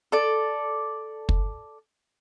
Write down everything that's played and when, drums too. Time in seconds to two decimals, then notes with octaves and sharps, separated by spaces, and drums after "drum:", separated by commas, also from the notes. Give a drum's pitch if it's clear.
0.12 A4 D5
1.29 drum: kick